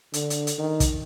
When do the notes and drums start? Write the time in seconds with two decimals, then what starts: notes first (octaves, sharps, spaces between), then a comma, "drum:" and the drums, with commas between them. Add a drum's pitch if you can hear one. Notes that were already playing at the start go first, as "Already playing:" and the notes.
0.14 D3, drum: hi-hat
0.30 drum: hi-hat
0.47 drum: hi-hat
0.59 D#3
0.80 drum: kick, hi-hat